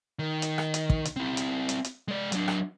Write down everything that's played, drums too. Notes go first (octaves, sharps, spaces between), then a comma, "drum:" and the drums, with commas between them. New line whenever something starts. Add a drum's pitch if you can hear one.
D#3
drum: hi-hat
drum: rim click
drum: hi-hat
drum: kick
drum: hi-hat
C4 E4
drum: hi-hat
drum: hi-hat
drum: hi-hat
G#3 D5
F#3 D4, drum: hi-hat
drum: rim click